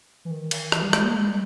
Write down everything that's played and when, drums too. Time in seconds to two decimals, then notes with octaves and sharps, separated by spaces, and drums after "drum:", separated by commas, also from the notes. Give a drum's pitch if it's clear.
0.25 E3
0.31 D#3
0.51 drum: cymbal
0.72 E3, drum: rim click
0.82 G3
0.93 G#3, drum: rim click
1.04 A#3
1.15 G#3
1.28 G3